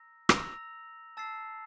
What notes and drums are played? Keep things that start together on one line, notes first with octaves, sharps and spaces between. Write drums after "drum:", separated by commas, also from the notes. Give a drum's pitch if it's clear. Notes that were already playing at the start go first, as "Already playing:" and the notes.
Already playing: A#5 E6 A#6
A#5 E6 A#6 F7, drum: rim click
A5 E6 A6 C7